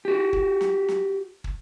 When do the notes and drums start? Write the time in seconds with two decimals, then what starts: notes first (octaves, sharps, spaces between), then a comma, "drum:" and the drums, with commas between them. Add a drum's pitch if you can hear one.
0.05 F#4 G4
0.33 drum: kick
0.61 drum: snare
0.88 drum: snare
1.44 drum: kick